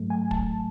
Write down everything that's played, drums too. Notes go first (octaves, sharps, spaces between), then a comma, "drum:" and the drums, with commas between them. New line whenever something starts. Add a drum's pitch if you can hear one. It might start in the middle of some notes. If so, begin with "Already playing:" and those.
Already playing: G#2 F#3 A3
G#5
A5, drum: kick